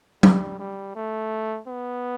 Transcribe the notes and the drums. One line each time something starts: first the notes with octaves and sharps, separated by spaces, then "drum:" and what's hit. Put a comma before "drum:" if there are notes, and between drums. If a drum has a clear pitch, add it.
G3, drum: tom F#3
G3
A3
B3